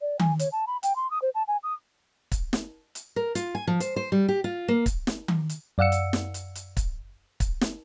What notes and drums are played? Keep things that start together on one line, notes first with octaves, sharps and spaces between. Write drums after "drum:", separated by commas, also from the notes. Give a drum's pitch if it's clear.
D5
G#5, drum: tom D#3
C#5, drum: hi-hat
A5
B5
G5, drum: hi-hat
C6
D#6
C5
A5
G#5
D#6
drum: kick, hi-hat
drum: snare
drum: hi-hat
A#4
F4, drum: hi-hat
G#5
F3
C5, drum: hi-hat
C5
G3
G4
F4
A#3
drum: kick, hi-hat
drum: snare
drum: tom D#3
drum: hi-hat
F#2 D5 F5 F#5 E6 C#7
drum: hi-hat
drum: snare
drum: hi-hat
drum: hi-hat
drum: kick, hi-hat
drum: kick, hi-hat
drum: snare